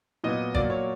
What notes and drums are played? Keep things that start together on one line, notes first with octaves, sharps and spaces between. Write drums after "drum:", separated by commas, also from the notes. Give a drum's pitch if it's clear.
A#2 F#3 B3 D#5
A#2 F#3 A#3 D5, drum: kick
C#5